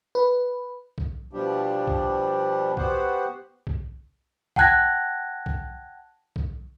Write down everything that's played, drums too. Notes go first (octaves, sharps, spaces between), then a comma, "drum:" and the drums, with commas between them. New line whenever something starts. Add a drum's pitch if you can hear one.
B4
drum: kick B1
B2 F3 G3 D4 G4
drum: kick B1
B3 F#4 G4 C5 F#5, drum: kick B1
drum: kick B1
F#5 G5 A5 F#6 G#6 A#6, drum: kick B1
drum: kick B1
drum: kick B1